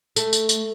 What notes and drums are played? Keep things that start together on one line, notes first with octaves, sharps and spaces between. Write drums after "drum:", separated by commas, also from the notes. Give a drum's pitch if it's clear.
A3, drum: tambourine
drum: tambourine
drum: tambourine